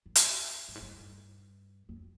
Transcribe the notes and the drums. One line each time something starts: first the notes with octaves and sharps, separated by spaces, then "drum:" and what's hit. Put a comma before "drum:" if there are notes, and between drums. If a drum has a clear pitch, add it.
F#2
drum: hi-hat
G2
G#2
G2
F2